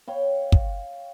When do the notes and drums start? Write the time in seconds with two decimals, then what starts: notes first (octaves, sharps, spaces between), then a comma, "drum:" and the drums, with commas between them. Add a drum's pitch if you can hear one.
0.08 C#5 F5 G5
0.52 drum: kick